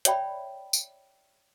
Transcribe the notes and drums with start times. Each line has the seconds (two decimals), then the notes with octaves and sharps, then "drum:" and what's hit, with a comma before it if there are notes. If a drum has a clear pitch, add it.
0.05 C#5 D5 E5 G5 B5, drum: hi-hat
0.73 drum: tambourine